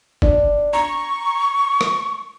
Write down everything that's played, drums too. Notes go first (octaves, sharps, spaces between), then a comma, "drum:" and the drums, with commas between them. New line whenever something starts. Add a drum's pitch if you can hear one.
D4, drum: kick G1
A#5 C#6
drum: rim click